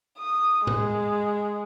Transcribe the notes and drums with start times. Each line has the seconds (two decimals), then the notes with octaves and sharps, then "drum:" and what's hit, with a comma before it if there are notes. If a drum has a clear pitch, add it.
0.18 D#6
0.67 G#3, drum: tom A2